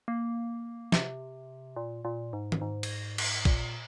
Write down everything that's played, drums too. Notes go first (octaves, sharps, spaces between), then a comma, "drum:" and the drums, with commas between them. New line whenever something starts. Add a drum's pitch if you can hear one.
A#3
C3, drum: snare
A#2
A#2
G#2
drum: tom D#3
G#2
drum: cymbal
drum: cymbal
A#2, drum: kick